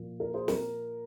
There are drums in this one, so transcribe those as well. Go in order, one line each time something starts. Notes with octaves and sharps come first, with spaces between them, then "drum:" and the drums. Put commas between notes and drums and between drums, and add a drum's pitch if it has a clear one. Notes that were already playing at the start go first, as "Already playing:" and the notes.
Already playing: A#2 F3 A#3
A#4
G#4 C5
A#4, drum: snare